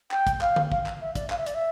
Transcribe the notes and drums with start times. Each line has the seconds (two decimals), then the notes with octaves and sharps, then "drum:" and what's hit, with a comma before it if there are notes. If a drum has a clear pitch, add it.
0.11 G5, drum: clap
0.27 drum: kick, hi-hat
0.41 F5, drum: clap
0.56 drum: tom D3
0.72 F5, drum: kick
0.86 drum: clap
1.01 E5
1.15 D5, drum: kick, hi-hat
1.30 F5, drum: clap
1.38 E5
1.46 D5, drum: hi-hat
1.55 E5